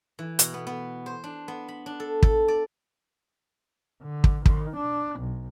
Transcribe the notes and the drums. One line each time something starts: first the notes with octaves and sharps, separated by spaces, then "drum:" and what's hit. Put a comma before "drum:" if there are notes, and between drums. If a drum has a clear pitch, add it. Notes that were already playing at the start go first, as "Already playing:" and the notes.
E3
B2, drum: hi-hat
B3
B3
C5
D4
B3
B5
D4
A4
A4, drum: kick
D5
D3
drum: kick
D#3, drum: kick
D4
B1